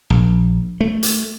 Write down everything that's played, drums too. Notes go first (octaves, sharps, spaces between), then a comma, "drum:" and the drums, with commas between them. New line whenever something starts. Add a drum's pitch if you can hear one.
A#1
A3
drum: hi-hat